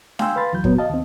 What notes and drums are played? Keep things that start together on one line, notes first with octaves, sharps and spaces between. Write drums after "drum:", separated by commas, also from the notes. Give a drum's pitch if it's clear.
F5 G5 G#5 C6 E6 G6, drum: snare D4
B4 F5 B5 C6 A6
D#2 E3 F#3 G6
A#2 F#3 B3, drum: kick
D#5 F5 A5
D#2 C4